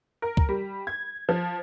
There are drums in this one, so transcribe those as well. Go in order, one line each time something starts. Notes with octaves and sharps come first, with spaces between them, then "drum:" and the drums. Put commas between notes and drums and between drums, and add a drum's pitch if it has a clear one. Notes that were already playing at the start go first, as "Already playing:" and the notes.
A#4
drum: kick C#2
G3
G#6
F3